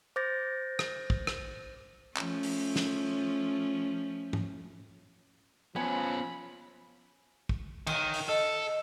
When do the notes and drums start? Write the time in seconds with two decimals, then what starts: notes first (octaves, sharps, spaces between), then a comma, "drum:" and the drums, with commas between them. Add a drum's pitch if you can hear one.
0.16 C5 D6 G6 A6 A#6
0.79 drum: rim click
1.10 drum: kick
1.27 drum: rim click
2.17 F3 A3 C#4, drum: clap
2.43 drum: open hi-hat
2.76 drum: snare
4.33 drum: tom
5.76 F3 B3 C#4 G#5 B5
7.49 drum: kick
7.87 D#3, drum: cymbal
8.14 drum: open hi-hat
8.29 A4 D#5